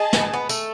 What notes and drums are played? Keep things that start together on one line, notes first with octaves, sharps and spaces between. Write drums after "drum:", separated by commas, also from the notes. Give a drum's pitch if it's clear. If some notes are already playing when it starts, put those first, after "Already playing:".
Already playing: G#4 D#5 A5
B3, drum: snare
B3
A3, drum: tambourine